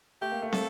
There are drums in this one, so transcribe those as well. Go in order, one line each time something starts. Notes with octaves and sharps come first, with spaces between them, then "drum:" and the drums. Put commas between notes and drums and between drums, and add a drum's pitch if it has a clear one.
A3 G4
A#3
A3
A4, drum: snare